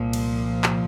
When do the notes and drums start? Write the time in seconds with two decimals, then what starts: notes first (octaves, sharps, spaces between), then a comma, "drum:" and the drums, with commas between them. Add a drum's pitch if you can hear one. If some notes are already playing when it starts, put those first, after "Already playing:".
Already playing: C2 A#2 F3
0.13 drum: cymbal
0.64 drum: clap